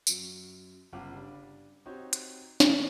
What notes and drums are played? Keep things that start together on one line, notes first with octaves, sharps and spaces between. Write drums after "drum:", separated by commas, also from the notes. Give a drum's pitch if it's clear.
F#2 F#3, drum: tambourine
G1 C#3 F4 F5 F#5 D6
G3 D4
C4 D#4 F#4 G4 C5 C#5
drum: hi-hat
A4, drum: snare